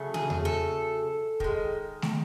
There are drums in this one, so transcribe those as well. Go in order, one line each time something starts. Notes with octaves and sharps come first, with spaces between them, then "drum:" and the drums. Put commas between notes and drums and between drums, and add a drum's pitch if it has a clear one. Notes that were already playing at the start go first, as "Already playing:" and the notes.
Already playing: C#3 F#3 A3
G#4, drum: tom
drum: tom E2
A4
D#3 G#3, drum: kick
drum: snare